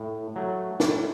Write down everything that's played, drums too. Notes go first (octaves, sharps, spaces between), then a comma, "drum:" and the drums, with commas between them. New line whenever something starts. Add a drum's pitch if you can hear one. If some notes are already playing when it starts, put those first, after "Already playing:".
Already playing: A2
F#3 A3
A2, drum: snare